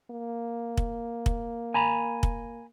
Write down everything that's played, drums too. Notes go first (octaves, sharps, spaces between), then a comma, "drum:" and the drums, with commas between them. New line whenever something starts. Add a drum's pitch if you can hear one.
A#3
drum: kick
drum: kick
G#5 A#5 B5
drum: kick